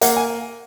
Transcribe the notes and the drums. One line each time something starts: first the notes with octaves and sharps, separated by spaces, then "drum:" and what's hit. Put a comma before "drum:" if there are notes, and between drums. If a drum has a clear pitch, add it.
A#3 F#5, drum: hi-hat
G#5